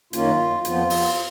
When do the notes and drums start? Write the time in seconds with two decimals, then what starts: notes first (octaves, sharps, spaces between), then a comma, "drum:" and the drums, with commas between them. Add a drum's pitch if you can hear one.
0.13 F#2 D#3 A#3 C#4 F4, drum: hi-hat
0.65 F2 F3 B3 F4, drum: hi-hat
0.90 drum: open hi-hat